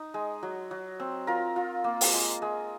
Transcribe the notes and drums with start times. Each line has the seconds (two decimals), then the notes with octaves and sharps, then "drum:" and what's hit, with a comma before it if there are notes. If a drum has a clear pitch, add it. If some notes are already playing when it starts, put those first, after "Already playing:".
Already playing: D#4
0.14 G#3
0.43 F#3
0.71 F#3
1.00 C4
1.27 F4 A#4
1.56 F4
1.84 A#3
2.01 drum: open hi-hat
2.13 G#3
2.42 G#3